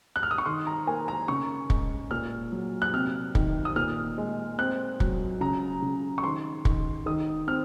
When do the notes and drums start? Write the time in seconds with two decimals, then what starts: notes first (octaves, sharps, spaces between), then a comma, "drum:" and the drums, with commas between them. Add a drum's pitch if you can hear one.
0.16 F#6
0.23 F6
0.31 D#6
0.38 C#6
0.46 D#3 C6
0.67 A#5
0.87 A#3 G#5
1.08 A#5
1.28 C#3 C#6
1.70 G#3, drum: kick
2.11 A#2 F6
2.52 F#3
2.82 F#6
2.94 C3 F6
3.35 D#3, drum: kick
3.65 D#6
3.76 A#2 F6
4.18 G#3
4.58 C4 F#6
5.00 F#3, drum: kick
5.41 C#3 A#5
5.82 C#3
6.18 C#6
6.24 D#3 C6
6.65 D#3, drum: kick
7.06 D#3 D#6
7.47 C4 F6